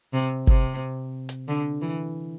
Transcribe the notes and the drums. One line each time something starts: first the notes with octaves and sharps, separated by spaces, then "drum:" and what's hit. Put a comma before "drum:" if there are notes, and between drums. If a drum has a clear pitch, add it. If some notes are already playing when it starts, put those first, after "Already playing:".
C3
C3, drum: kick G1
drum: hi-hat
D3
E3